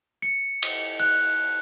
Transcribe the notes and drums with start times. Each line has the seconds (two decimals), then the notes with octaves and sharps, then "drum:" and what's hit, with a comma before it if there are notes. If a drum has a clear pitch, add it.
0.22 C#7
0.63 drum: cymbal
1.00 F#6